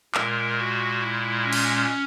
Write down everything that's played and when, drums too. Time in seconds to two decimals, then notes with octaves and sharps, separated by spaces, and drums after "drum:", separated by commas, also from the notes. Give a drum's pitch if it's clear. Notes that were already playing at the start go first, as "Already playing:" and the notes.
0.15 A#2 G#3 A#4, drum: clap
0.57 F#4
1.00 E4
1.43 C#4
1.53 drum: cymbal